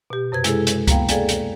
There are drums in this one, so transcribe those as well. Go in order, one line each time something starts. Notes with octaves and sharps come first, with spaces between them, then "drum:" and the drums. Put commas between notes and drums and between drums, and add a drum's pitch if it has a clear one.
B2 G4
F#2 C3 B4 G#6
G#3 E4 G#4 A4, drum: hi-hat
drum: hi-hat
A#3 B3 F5 G5, drum: kick C#2, hi-hat
G#4 A4 D5 F5 G#5, drum: hi-hat
drum: hi-hat